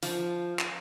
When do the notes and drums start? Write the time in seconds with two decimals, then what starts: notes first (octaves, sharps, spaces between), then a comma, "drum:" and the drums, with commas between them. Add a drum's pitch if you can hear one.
0.03 F3, drum: open hi-hat
0.59 drum: clap